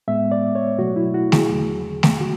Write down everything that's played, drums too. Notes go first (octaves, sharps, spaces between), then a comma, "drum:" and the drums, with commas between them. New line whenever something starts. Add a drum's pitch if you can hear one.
A2 G#3 B3 E5
D5
C#5
B2 F#3 A3 F#4
E4
F#4
G#4, drum: snare A3
E2 D3 F#3
drum: snare A3
F#4